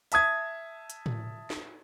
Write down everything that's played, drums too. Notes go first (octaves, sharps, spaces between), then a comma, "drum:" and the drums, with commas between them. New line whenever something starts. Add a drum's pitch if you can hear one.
E5 A5 D#6 G#6, drum: hi-hat
drum: hi-hat
drum: tom A2
drum: snare